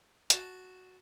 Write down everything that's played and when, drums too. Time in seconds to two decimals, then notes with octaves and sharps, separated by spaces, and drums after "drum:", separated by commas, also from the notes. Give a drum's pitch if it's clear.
0.30 F#4 A5, drum: hi-hat